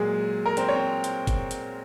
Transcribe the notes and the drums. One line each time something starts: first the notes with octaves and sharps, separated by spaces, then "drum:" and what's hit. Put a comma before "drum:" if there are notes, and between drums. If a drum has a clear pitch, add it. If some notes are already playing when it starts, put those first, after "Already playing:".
Already playing: A#2 F#3 G#3 G#4
A#4
C4 C5, drum: hi-hat
C#5
C4 C5
drum: hi-hat
drum: kick G1, hi-hat
drum: hi-hat